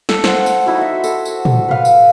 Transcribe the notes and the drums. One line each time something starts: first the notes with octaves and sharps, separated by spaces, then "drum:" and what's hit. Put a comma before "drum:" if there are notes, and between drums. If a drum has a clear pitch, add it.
A4, drum: snare
C5 F#5, drum: snare
drum: tambourine
D#4 E4 F#4
F#4 E5
A4, drum: tambourine
drum: tambourine
drum: tom
B4 F5
drum: tambourine